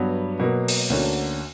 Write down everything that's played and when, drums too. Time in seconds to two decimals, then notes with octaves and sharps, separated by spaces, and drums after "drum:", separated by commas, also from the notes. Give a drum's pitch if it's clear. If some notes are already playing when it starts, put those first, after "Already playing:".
Already playing: G2 F#3 B3
0.40 B2 F#3 A#3
0.68 drum: open hi-hat
0.90 D2 D3 A#3 C#4 F#4